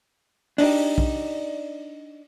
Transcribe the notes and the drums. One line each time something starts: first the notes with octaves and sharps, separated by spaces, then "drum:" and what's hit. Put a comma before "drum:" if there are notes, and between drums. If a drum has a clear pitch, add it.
D4 D#4 G4, drum: open hi-hat
drum: kick B1